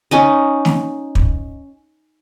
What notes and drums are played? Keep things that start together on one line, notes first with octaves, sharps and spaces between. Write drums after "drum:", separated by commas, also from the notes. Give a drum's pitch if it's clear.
C#4 D#4 D#5
drum: snare
drum: kick